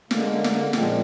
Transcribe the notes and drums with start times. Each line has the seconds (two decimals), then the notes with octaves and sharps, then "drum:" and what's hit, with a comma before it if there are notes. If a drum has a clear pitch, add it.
0.11 D3 G#3 A#3, drum: snare
0.32 A#3
0.44 G#3, drum: snare
0.53 A#3
0.73 A#2 F3 G#3 C4, drum: snare